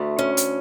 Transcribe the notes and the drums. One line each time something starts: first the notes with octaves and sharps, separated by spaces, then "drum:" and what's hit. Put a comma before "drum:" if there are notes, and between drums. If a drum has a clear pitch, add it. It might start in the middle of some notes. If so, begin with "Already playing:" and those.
Already playing: D2 A3 A5
C#4
drum: hi-hat